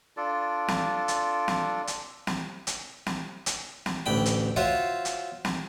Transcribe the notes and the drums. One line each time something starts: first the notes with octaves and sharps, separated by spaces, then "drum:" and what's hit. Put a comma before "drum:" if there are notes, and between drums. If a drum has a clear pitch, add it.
D4 F4 A4 D5
drum: snare
drum: hi-hat
drum: snare
drum: hi-hat
drum: snare
drum: hi-hat
drum: snare
drum: hi-hat
drum: snare
A1 D2 G5 B5
drum: hi-hat
F4 F#4 C5 C#5 E5
drum: hi-hat
drum: snare